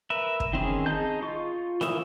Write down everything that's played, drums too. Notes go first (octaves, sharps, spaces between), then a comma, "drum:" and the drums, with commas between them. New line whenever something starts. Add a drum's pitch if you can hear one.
A#4 B4 E5
drum: kick
D#3 C4 C#4 G#4
D#4 G#4 D#5 A5 G6
F4 C#6
E3 A#3 E5 D#6, drum: snare F4